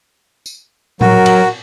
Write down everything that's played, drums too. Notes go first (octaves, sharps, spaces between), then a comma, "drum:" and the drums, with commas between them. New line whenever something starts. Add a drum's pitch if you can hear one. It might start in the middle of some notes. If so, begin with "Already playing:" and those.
drum: tambourine
F#3 F#4 A#4, drum: tom
drum: cymbal